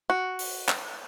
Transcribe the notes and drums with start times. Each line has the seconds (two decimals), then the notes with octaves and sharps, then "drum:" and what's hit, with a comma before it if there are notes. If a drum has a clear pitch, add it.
0.10 F#4
0.39 drum: open hi-hat
0.69 drum: clap